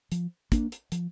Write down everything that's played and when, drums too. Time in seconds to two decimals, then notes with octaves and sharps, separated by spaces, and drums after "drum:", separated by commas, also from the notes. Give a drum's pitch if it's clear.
0.12 F3, drum: hi-hat
0.52 A#3 D4, drum: kick, hi-hat
0.72 drum: hi-hat
0.92 F3, drum: hi-hat